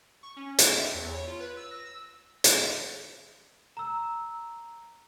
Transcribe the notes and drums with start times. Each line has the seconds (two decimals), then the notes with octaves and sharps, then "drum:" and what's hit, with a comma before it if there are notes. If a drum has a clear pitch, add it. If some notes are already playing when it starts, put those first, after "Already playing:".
0.23 C#6
0.37 C#4
0.59 G5, drum: hi-hat
0.77 E5
0.94 E2
1.13 C#5
1.27 F4
1.40 B4
1.57 E6
1.71 A#6
1.86 E6
2.44 drum: hi-hat
3.77 A#5 E6